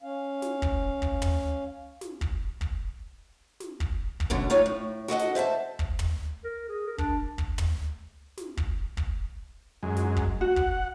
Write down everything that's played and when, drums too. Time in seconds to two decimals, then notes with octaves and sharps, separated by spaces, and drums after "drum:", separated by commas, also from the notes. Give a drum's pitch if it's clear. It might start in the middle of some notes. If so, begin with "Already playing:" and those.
0.02 C#4 F5
0.42 drum: snare
0.62 drum: kick
1.02 drum: kick
1.22 drum: tom
2.01 drum: snare
2.21 drum: kick
2.61 drum: kick
3.60 drum: snare
3.80 drum: kick
4.20 drum: kick
4.30 F#2 B2 D3 F#3
4.50 D#4 F4 C#5 F5
4.66 A2
5.08 F#4 A4 D#5 F#5
5.19 drum: snare
5.35 C5 E5 F5 A5
5.79 drum: kick
5.99 drum: tom
6.44 A#4
6.69 G#4
6.87 A#4
6.98 D4, drum: kick
7.38 drum: kick
7.58 drum: tom
8.37 drum: snare
8.57 drum: kick
8.97 drum: kick
9.83 F#2 G#3
9.97 drum: snare
10.16 drum: kick
10.41 F#4 F#5
10.56 drum: kick